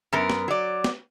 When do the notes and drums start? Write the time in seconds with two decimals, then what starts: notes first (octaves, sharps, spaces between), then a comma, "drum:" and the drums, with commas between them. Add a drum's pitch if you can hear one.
0.13 F#2 B3 A#4
0.30 drum: snare
0.48 F#3 D5
0.84 drum: snare